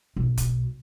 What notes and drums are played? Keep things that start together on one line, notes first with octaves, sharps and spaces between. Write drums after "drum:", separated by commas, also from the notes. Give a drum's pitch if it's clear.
B1
drum: kick, hi-hat